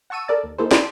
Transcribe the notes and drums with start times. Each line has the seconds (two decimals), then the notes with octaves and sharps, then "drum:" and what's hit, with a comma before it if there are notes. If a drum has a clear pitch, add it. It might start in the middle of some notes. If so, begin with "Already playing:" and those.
0.10 F#5 A5 C#6 E6 D#7
0.28 A4 A#4 D5 A5
0.43 D#2
0.58 A#3 D#4 E4 G#4 A4 C5
0.71 D5 D#5 G5 A5 B5 C6, drum: snare